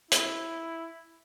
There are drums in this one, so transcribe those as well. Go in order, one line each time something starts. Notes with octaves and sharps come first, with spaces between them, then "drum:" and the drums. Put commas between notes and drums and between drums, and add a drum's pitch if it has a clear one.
E4, drum: hi-hat